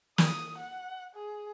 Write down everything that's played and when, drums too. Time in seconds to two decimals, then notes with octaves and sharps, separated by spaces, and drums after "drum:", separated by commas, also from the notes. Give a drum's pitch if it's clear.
0.18 D#6, drum: snare
0.58 F#5
1.15 G#4